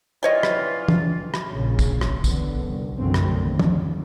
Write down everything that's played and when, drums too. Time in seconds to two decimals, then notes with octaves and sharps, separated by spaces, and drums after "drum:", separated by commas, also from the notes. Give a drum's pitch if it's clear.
0.23 E3 G3 F4 C#5 D#5
0.43 drum: rim click
0.88 drum: tom
1.34 drum: rim click
1.49 A#1 A#2 C#3 C#4
1.79 drum: kick, tambourine
2.01 drum: rim click
2.24 E2 D3 B3, drum: kick, tambourine
2.63 C2
2.98 F1 B1 F#2 D3 A3 C4
3.14 drum: rim click
3.37 D#2
3.59 drum: tom